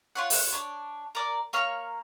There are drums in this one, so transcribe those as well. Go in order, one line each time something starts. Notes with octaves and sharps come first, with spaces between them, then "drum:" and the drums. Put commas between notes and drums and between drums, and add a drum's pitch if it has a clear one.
F4 C#5 F#5
drum: open hi-hat
D4 C#5
A#4 D5
A#3 C#5 F6